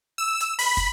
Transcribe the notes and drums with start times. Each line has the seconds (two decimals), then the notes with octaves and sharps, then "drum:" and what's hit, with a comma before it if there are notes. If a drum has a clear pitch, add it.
0.18 E6
0.40 drum: hi-hat
0.59 B5, drum: open hi-hat
0.77 drum: kick, hi-hat